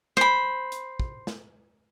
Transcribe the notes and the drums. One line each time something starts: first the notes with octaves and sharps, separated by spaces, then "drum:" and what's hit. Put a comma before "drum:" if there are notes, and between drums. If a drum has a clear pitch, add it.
C5 B5, drum: snare
drum: hi-hat
drum: kick
drum: snare